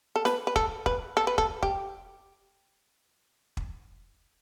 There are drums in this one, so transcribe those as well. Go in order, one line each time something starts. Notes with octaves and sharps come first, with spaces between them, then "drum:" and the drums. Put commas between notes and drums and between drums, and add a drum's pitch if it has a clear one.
A4
B4, drum: snare
B4
A4, drum: kick
B4, drum: kick
A4
B4
A4, drum: kick
G4, drum: kick
drum: kick